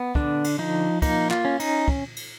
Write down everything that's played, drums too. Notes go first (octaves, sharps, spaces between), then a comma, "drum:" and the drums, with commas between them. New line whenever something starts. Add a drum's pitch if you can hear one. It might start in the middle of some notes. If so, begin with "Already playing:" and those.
Already playing: B3
D3 D4, drum: kick
drum: cymbal
F3 D#4
A#3 D#4, drum: kick, cymbal
F4, drum: clap
C#4
D#4, drum: cymbal
drum: kick
drum: cymbal